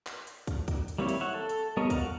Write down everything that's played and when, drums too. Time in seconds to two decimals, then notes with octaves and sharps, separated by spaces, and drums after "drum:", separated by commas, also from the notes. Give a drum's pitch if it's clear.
0.07 drum: clap
0.27 drum: hi-hat
0.47 drum: kick, hi-hat
0.68 drum: kick, hi-hat
0.88 drum: hi-hat
0.98 G3 A#3 C4 E4 C#5
1.09 drum: hi-hat
1.21 C#5 E5 F#5
1.34 A4
1.49 drum: hi-hat
1.77 G3 B3 A#4 C#5 D#5
1.90 F#4 F5 F#5, drum: kick, hi-hat